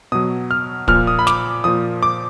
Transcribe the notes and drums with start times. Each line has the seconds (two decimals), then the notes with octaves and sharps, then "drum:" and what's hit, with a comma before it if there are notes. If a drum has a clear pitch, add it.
0.12 B2 F#3 D#6
0.51 F6
0.88 A#2 F3 F6, drum: kick
1.07 D#6
1.19 B5
1.27 D6, drum: snare
1.64 A#2 F3 D#6
2.03 D6